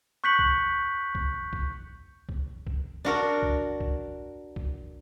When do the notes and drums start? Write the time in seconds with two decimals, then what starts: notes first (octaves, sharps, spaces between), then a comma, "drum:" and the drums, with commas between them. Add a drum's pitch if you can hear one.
0.24 C#6 F#6 G6 B6 C#7 F#7
0.39 drum: kick
1.15 drum: kick
1.53 drum: kick
2.29 drum: kick
2.67 drum: kick
3.05 D4 F#4 A#4
3.42 drum: kick
3.80 drum: kick
4.56 drum: kick